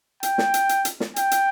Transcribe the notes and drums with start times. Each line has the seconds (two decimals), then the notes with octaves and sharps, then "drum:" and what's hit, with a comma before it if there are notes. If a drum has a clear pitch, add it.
0.23 G5, drum: hi-hat
0.38 drum: snare
0.54 drum: hi-hat
0.69 drum: hi-hat
0.85 drum: hi-hat
1.00 drum: snare
1.16 G5, drum: hi-hat
1.31 drum: hi-hat